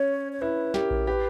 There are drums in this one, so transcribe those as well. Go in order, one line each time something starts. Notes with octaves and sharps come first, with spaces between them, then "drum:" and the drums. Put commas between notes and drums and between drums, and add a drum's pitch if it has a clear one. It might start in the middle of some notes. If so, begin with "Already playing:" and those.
Already playing: C#4 C#5
C#5
E4 B4
G4 A#4, drum: snare
drum: kick A#1
G4 B4